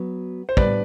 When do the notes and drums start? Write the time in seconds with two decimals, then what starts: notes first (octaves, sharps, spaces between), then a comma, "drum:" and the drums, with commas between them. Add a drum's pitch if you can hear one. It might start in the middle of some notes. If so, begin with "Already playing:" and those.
Already playing: F#3 B3 F#4
0.49 C5
0.57 A2 G3 B3 D4 B4 D5, drum: kick